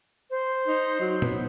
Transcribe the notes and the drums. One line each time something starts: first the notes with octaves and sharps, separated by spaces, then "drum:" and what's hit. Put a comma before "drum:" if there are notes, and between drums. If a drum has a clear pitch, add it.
C5
D#4
F#3
B3, drum: tom A#2